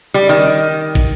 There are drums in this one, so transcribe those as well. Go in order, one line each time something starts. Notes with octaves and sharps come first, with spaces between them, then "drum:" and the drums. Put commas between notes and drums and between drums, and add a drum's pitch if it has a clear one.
G3
D#3
drum: kick